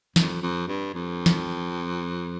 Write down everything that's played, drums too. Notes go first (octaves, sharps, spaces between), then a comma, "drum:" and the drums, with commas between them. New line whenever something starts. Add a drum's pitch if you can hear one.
F2, drum: snare
F2
G2
F2
drum: snare